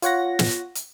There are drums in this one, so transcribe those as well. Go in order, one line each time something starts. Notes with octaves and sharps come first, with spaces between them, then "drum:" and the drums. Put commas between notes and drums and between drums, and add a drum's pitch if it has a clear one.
F4 C#5 F#5 A#6, drum: hi-hat
drum: snare
drum: hi-hat